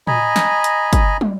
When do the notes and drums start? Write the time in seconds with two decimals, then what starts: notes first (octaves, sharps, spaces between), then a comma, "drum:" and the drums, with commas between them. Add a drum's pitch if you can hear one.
0.07 D#5 G#5 A#5 B5, drum: tom A2
0.36 drum: snare
0.64 drum: hi-hat
0.93 drum: kick, hi-hat
1.21 drum: tom